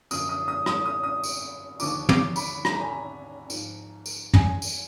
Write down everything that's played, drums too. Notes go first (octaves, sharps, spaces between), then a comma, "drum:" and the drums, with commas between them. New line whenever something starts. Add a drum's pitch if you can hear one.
F#2 D3 F3 D#6, drum: tambourine
D#6
D#6
D#6, drum: rim click
D#6
D#6
drum: tambourine
D#2 D3 F3 D6, drum: tambourine
D6, drum: tom
B5, drum: tambourine
B5, drum: rim click
A#5
G#5
A#5
G#2 F3, drum: tambourine
drum: tambourine
G#5, drum: tom
drum: tambourine